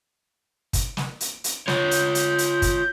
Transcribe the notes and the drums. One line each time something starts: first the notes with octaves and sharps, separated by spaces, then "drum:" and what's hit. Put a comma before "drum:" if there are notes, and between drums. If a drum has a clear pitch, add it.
drum: kick, hi-hat
drum: snare
drum: hi-hat
drum: hi-hat
F4 C#5 G6, drum: snare
drum: hi-hat
drum: hi-hat
drum: hi-hat
drum: kick, hi-hat